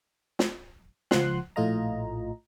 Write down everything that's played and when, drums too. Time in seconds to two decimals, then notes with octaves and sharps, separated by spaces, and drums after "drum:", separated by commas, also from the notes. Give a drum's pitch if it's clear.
0.39 drum: snare
1.11 C#2 F3 F#5 C6 F#6, drum: snare
1.56 A#1 A2 A3 F4 D#5 A#5